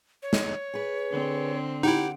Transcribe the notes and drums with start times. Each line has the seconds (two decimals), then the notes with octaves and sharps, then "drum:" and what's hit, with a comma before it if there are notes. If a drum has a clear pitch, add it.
0.23 C#5
0.33 drum: snare
0.74 G#4 B4
1.11 D3 C4
1.83 D#4 E4 G4 F#5